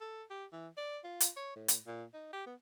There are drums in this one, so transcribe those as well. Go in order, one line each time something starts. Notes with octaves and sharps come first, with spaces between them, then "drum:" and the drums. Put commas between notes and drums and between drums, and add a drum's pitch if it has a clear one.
A4
G4
E3
D5
F4
drum: hi-hat
C#5
A2
drum: hi-hat
A#2
D#4
G4
B3